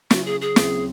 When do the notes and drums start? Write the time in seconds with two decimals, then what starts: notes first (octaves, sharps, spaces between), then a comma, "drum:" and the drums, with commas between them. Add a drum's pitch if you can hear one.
0.11 C#3 F#3 C#4 F#4, drum: snare
0.26 G#4
0.42 G#4
0.56 D#2 C#3 F#3 C4, drum: snare